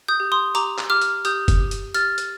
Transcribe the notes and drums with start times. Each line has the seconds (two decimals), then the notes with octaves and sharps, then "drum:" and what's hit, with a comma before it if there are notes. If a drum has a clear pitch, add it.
0.08 D#6 G6
0.20 G4
0.32 C6 D#6
0.55 G4 A#5 D6, drum: hi-hat
0.78 drum: clap
0.90 G4 D6 F6
1.02 drum: hi-hat
1.25 G4 D#6 G6, drum: hi-hat
1.48 drum: kick F#1, hi-hat
1.60 G4
1.71 drum: hi-hat
1.94 G4 F6 A6, drum: hi-hat
2.18 drum: hi-hat